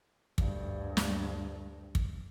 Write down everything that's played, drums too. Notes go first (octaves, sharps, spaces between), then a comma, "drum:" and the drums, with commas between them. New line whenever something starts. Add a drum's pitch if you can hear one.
D2 G2, drum: kick
drum: snare
drum: kick